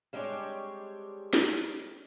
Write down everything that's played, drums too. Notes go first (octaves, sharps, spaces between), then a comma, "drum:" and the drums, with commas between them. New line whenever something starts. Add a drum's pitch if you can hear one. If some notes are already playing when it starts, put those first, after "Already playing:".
G3 G#3 C4 D4 G4 C#5
drum: snare
drum: hi-hat